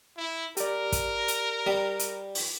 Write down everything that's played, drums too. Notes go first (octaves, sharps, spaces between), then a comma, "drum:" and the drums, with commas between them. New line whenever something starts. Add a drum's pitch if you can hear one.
E4
G4 A#4 D5, drum: hi-hat
drum: kick, hi-hat
drum: hi-hat
G3
drum: hi-hat
drum: open hi-hat